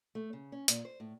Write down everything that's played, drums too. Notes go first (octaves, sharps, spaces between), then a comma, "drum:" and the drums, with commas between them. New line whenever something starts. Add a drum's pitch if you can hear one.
A3
C#3
C#4
A#2, drum: hi-hat
C5
A2